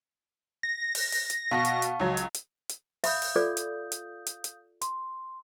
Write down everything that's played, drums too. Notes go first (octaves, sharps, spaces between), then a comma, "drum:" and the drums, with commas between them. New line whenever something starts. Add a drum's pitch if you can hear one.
A#6
drum: open hi-hat
drum: open hi-hat
drum: hi-hat
B2 F5 A5 C#6
drum: hi-hat
drum: hi-hat
C#2 F#3
drum: hi-hat
drum: hi-hat
drum: hi-hat
E5 F5 B5 D#6 G6, drum: open hi-hat
drum: open hi-hat
F4 A4 D5
drum: hi-hat
drum: hi-hat
drum: hi-hat
drum: hi-hat
C6, drum: hi-hat